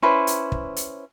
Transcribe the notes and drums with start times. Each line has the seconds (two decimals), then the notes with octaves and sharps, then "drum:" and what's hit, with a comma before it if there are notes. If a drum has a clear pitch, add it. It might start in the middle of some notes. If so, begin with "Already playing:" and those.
0.02 C#4 E4 B4 C5
0.27 drum: hi-hat
0.52 drum: kick
0.76 drum: hi-hat